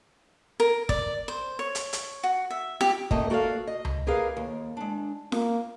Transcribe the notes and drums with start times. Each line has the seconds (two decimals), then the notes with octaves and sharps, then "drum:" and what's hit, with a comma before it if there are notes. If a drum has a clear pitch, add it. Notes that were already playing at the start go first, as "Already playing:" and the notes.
0.60 A#4
0.89 D5, drum: kick
1.28 C5
1.59 C#5
1.75 drum: hi-hat
1.93 drum: hi-hat
2.23 F#4
2.50 E5
2.81 G4, drum: snare
3.11 F#2 C3 A3 A#3 D#5, drum: kick
3.30 A#3 F#4 A4 D5 F5
3.67 D#5
3.85 drum: tom C#2
4.07 G4 G#4 A#4 B4 F5
4.37 D#2
4.77 G#3 D4
5.32 A#3, drum: snare